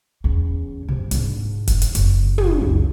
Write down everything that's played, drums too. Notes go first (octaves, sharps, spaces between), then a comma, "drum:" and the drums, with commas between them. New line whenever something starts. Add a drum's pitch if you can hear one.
E2 C#4
G2 C3
G#2 D4, drum: hi-hat
drum: kick, hi-hat
drum: hi-hat
F#1, drum: hi-hat
drum: tom
C#2 F#2